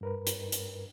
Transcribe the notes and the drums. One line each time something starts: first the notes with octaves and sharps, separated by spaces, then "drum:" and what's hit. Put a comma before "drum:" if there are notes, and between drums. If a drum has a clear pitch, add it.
G2 A#4 B4
drum: hi-hat
drum: hi-hat